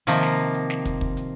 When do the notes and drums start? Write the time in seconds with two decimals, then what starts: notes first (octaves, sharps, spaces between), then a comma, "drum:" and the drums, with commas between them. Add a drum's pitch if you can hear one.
0.07 C3 D#3 F3 A#3, drum: hi-hat
0.23 drum: snare
0.38 drum: hi-hat
0.54 drum: hi-hat
0.70 drum: snare
0.85 drum: kick, hi-hat
1.01 drum: kick
1.17 drum: hi-hat